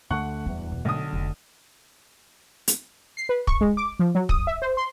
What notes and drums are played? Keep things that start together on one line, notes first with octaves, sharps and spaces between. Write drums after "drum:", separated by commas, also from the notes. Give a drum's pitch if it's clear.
D2 D3 A3 F#5 C#6 F#6
D1 E2 G3 D4
B2
B1 D3 D#6
F1
drum: hi-hat
C7
B4
C#6, drum: kick
G#3
D6
F3
F#3
D#6, drum: kick
E5
C5
C6